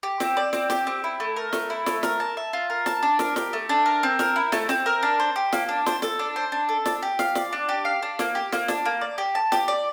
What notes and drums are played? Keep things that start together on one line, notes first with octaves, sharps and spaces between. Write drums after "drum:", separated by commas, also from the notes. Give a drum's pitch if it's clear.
G4
C4, drum: snare
D5
C4, drum: snare
G4, drum: snare
C4
E4
A3
A#4
A3, drum: snare
E4
A3, drum: snare
A#4, drum: snare
A5
E5
F4
A#4
A5, drum: snare
D4
A#4, drum: snare
G4, drum: snare
A3
D4
A#4
C4
A#4, drum: snare
E4
A3, drum: snare
C4, drum: snare
A#4
D4
C5
G4
A#3, drum: snare
D4
C5, drum: snare
A4, drum: snare
D4
C5
D4
A4
D4, drum: snare
G4
F5, drum: snare
D5, drum: snare
D4
G4
F5
D4
A#3, drum: snare
G4
A#3, drum: snare
D4, drum: snare
A#3
D5
G4
A5
G4, drum: snare
D5